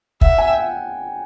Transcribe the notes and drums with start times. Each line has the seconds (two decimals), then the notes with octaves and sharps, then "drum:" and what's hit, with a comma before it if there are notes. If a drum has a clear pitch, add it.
0.21 E5 F#5, drum: kick
0.38 G#5
0.48 G5
0.58 F#5